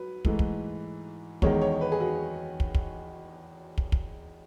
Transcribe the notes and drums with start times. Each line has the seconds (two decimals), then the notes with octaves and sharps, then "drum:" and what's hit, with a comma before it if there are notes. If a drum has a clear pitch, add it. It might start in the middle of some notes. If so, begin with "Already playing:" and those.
Already playing: F#3 B4
0.25 G#2 E3 A3, drum: kick
0.39 drum: kick
1.42 E2 D#3 G#3 C#5, drum: kick
1.62 C#5
1.81 B4
1.92 G#4
2.00 F#4
2.60 drum: kick
2.75 drum: kick
3.78 drum: kick
3.92 drum: kick